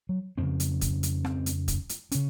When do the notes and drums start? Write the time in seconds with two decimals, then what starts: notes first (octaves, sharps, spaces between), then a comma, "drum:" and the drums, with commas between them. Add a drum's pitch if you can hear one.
0.09 F#3
0.38 F2 C#3 C4
0.60 drum: hi-hat
0.81 drum: kick, hi-hat
1.03 drum: hi-hat
1.25 C4, drum: rim click
1.46 drum: hi-hat
1.68 drum: kick, hi-hat
1.89 drum: hi-hat
2.12 C#3 C#4, drum: hi-hat